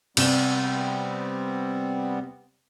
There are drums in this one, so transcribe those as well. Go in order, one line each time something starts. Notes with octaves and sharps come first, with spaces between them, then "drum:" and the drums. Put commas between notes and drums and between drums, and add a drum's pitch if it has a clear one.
C3 G3 B3 C4 E7, drum: cymbal